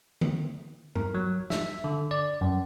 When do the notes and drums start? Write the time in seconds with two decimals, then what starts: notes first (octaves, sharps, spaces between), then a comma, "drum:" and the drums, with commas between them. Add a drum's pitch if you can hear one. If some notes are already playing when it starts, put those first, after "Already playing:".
0.21 drum: tom D3
0.96 A#4, drum: tom G2
1.14 F#3
1.50 E5, drum: snare
1.84 D3
2.11 D5
2.41 F#2